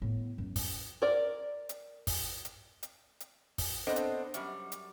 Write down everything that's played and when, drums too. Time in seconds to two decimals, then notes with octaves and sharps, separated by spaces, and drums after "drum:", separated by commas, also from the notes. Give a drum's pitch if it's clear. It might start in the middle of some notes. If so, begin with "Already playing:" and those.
0.02 A2 B3
0.38 F#2
0.56 drum: kick, open hi-hat
1.02 A#4 D5
1.69 drum: hi-hat
2.07 drum: kick, open hi-hat
2.45 drum: hi-hat
2.83 drum: hi-hat
3.20 drum: hi-hat
3.58 drum: kick, open hi-hat
3.87 B3 C4 D4 A4 C5 D#5
3.96 drum: hi-hat
4.34 F#2 G3, drum: hi-hat
4.72 drum: hi-hat